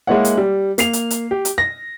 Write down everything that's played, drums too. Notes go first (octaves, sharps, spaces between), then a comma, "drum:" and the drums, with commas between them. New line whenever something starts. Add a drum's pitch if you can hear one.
G#3 A#3 E4 C#5 F#5
drum: hi-hat
G3
A#3 C7 F7, drum: hi-hat
drum: hi-hat
drum: hi-hat
G4
drum: hi-hat
A#6